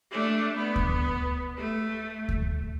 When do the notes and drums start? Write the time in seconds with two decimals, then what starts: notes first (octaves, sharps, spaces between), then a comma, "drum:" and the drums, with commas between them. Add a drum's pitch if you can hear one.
0.11 A3 D4
0.56 B3
0.76 drum: kick D2
1.57 A3
2.28 drum: kick D2